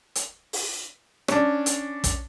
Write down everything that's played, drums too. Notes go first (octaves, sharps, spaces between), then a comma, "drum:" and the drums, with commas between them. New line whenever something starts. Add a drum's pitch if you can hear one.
drum: hi-hat
drum: open hi-hat
C#4 D4, drum: rim click
drum: hi-hat
drum: kick, hi-hat